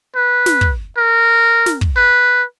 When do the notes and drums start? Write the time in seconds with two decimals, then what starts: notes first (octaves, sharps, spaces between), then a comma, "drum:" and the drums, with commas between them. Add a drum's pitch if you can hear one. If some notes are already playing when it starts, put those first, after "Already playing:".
0.15 B4
0.46 drum: snare
0.61 drum: kick
0.97 A#4
1.66 drum: snare
1.81 drum: kick
1.96 B4